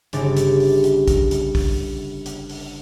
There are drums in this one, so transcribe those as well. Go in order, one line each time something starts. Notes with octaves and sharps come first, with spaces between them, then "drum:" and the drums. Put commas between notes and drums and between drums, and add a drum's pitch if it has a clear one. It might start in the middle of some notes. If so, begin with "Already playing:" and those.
G1 C#3 G4 A6, drum: hi-hat
drum: hi-hat
drum: open hi-hat
drum: hi-hat
drum: kick, hi-hat
drum: hi-hat
drum: kick, open hi-hat
drum: hi-hat
drum: open hi-hat